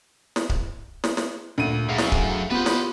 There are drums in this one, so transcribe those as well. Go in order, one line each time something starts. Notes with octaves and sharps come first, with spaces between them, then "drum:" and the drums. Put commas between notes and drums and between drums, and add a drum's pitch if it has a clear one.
drum: snare
drum: kick C#1
drum: snare
drum: snare
D2 A#2 D#7
F#2 G#4 E5 F5
drum: snare
drum: kick C#1
B3 F4 G4 B4 C5
drum: snare